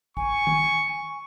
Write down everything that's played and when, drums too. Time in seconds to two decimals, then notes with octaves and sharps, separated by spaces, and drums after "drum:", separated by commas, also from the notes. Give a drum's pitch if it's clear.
0.17 G#5 C#6, drum: kick
0.47 drum: tom